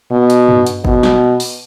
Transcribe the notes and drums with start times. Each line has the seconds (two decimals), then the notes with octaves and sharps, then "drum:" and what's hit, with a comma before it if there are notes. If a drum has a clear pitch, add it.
0.11 B2
0.30 drum: hi-hat
0.48 drum: tom G2
0.67 drum: hi-hat
0.85 B2, drum: kick G1
1.03 drum: snare
1.40 drum: open hi-hat